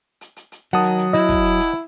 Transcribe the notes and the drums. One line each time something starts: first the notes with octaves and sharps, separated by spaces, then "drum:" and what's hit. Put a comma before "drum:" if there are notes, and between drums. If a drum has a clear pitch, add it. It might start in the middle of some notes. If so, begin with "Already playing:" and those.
drum: hi-hat
drum: hi-hat
drum: hi-hat
D#3 F#3 F#5 A5 D#6
drum: hi-hat
drum: hi-hat
E4 D#5, drum: hi-hat
drum: kick, hi-hat
drum: hi-hat
drum: hi-hat